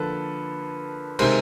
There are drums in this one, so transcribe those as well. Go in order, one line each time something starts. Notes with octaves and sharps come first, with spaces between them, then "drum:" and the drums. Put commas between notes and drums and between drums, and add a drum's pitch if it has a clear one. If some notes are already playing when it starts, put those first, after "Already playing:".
Already playing: D3 F3 A#3 A4 B4
C3 D#3 G#3 A#4 C5, drum: cymbal